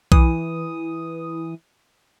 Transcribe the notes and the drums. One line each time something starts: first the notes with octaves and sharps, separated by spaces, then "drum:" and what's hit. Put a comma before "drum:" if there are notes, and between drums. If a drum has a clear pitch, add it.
E3 D#6, drum: kick B1